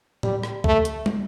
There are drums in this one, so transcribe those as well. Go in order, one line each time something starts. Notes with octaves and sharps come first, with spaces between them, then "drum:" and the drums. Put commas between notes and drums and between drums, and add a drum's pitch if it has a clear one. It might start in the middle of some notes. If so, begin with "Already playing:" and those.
G3, drum: tom A2
drum: rim click
A3, drum: kick
drum: hi-hat
drum: tom